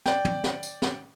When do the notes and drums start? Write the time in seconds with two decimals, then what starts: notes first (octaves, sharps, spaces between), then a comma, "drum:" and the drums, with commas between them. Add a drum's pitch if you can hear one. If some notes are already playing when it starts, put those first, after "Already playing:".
0.06 D5 G5, drum: snare
0.25 drum: tom
0.44 drum: snare
0.63 drum: tambourine
0.82 drum: snare